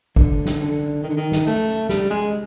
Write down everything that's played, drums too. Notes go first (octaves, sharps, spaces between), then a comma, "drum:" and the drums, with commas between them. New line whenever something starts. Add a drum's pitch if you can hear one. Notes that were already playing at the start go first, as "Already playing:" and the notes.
D3, drum: kick
drum: snare
D3
D#3
D3
D#3
drum: snare
A3
G3, drum: snare
G#3